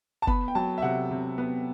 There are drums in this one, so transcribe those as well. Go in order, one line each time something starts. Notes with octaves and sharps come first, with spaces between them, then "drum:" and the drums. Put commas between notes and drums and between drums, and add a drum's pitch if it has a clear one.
A5
B3 B5, drum: kick
G5
F#3 A5
E5
C3 F#5
C3
B3